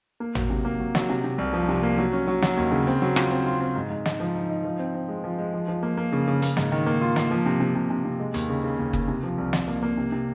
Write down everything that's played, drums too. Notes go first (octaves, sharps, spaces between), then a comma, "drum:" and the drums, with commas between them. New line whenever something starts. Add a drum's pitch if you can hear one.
A#3
F#3, drum: tom
C3
A#3
F#3
F#3, drum: snare
C3
C3
C2
F3
C3
A#3
F#3
C#4
F#3
F#3, drum: snare
D#2
C#3
C4
F#3
F4, drum: rim click
C4
F4
C4
G#2
G#2
D#4, drum: snare
F3
D#4
D#4
F3
C4
C4
G#3
F3
G#3
F3
F3
A#3
A#3
C#3
C#3
A#3, drum: hi-hat
G#2, drum: snare
D#3
A#3
F4
A#3, drum: snare
F3
C3
C3
C3
C3
C3
G#3
D#2, drum: hi-hat
C#3
C#3
D#2
D#2, drum: kick F#1
C3
F3
C2
C2, drum: snare
A#3
A#3
C3
C3